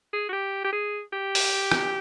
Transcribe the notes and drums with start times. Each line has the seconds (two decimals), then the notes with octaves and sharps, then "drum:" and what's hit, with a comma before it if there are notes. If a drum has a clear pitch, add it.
0.13 G#4
0.29 F#4
0.33 G4
0.64 G4
0.72 G#4
1.13 G4
1.35 drum: open hi-hat
1.72 drum: rim click